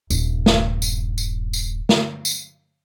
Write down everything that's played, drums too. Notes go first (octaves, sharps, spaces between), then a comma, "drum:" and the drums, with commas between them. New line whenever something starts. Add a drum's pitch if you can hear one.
D#1 G2, drum: tambourine
drum: snare
drum: tambourine
drum: tambourine
drum: tambourine
drum: snare
drum: tambourine